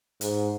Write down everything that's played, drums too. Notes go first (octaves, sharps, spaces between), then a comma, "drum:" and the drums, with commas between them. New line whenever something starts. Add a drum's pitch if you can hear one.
G#2, drum: hi-hat